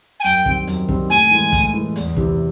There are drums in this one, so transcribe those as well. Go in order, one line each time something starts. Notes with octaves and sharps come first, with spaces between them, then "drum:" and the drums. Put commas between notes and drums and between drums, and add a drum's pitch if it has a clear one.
G#5
F#2 G5, drum: hi-hat
D#3 G3 C4, drum: kick
F#2, drum: hi-hat
D#3 G3 C4, drum: kick
A2 G#5, drum: hi-hat
E3 G#3
A2, drum: kick, hi-hat
E3 G#3
E2, drum: hi-hat
C3 E3, drum: kick